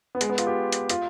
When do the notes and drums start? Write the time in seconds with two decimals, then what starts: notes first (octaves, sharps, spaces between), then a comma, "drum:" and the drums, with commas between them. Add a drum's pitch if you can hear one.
0.15 B3
0.21 G#3, drum: hi-hat
0.30 B3
0.38 F4, drum: hi-hat
0.47 G4
0.72 drum: hi-hat
0.89 F4, drum: hi-hat